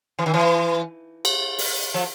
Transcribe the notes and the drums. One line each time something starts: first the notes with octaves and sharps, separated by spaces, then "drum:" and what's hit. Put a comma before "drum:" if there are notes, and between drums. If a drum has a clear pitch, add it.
E3
D#3
E3
drum: cymbal
drum: open hi-hat
F3